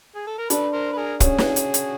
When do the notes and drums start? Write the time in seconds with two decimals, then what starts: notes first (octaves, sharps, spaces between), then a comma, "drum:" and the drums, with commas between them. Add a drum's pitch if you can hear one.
0.16 G#4
0.27 A4
0.38 A#4
0.50 D4 A4 B4, drum: hi-hat
0.73 A#4 C5
0.93 B4
0.97 G#4 A#4
1.20 C#4 F#4 G#4, drum: kick, hi-hat
1.38 drum: snare
1.56 drum: hi-hat
1.74 drum: hi-hat